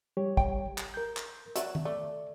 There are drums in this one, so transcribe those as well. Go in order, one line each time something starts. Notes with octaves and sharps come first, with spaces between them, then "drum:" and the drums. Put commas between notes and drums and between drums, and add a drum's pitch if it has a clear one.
G3 G4 C#5
G5, drum: kick
drum: clap
A#4 G6
drum: clap
F#3 F#4 D5 E5, drum: hi-hat
drum: tom D#3
A3 D5